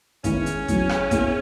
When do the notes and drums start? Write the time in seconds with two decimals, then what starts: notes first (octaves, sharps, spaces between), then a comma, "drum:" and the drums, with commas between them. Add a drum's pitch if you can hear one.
0.24 D#3 G#3 B3 C#4 E4 G#4, drum: kick, hi-hat
0.46 drum: hi-hat
0.68 E2 C#3 F#3, drum: kick, hi-hat
0.89 drum: rim click
1.11 B2 A#3 E4 G#4, drum: kick, hi-hat